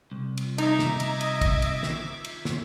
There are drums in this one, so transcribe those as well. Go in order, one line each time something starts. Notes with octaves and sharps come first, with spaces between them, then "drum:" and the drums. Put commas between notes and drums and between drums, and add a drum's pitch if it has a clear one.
C2
drum: cymbal
D#4 D#5 E5 D6 G#6, drum: cymbal
drum: snare
drum: cymbal
drum: cymbal
drum: kick, cymbal
drum: cymbal
drum: snare
drum: cymbal
drum: snare